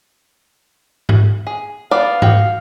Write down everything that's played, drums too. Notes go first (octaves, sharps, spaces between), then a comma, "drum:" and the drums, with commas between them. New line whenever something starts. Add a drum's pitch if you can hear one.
drum: tom G#2
G#4
B3 D5 F5
F#4 G5, drum: tom G#2